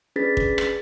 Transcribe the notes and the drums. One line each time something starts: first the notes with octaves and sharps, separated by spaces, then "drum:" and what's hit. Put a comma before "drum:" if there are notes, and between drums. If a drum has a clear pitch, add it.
C#4 D4 G#4 B4 A6 B6
drum: kick
drum: rim click